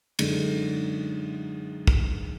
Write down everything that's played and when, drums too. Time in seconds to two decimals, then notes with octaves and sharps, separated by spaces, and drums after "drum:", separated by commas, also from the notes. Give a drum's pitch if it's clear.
0.19 F#2 D3 G#3 D#4 G#4, drum: cymbal
1.87 drum: kick